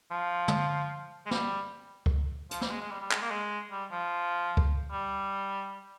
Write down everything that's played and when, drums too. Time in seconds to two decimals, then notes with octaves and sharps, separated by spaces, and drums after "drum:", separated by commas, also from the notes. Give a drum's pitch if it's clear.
0.11 F3
0.48 drum: tom
1.26 G#3
1.31 G3, drum: snare
2.06 drum: kick C#2
2.51 F3, drum: hi-hat
2.61 G3, drum: snare
2.71 G#3
2.81 G#3
2.91 G3
3.01 G3
3.11 G#3, drum: clap
3.22 A#3
3.31 G#3
3.71 G3
3.91 F3
4.57 drum: kick C#2
4.92 G3